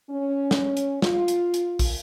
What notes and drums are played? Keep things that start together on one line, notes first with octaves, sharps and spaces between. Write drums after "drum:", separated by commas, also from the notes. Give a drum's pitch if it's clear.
C#4
drum: snare
drum: hi-hat
F4, drum: snare
drum: hi-hat
drum: hi-hat
drum: kick, open hi-hat